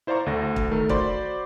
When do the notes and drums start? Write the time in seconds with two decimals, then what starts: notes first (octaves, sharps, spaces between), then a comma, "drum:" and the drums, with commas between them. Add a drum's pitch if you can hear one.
0.07 E4 C5 D5 F5 A#5 C#6
0.26 D2 D3 A6 A#6
0.56 drum: kick
0.71 D#3 A3 A4 A#4
0.89 F#4 C5 D5 B5 C6, drum: kick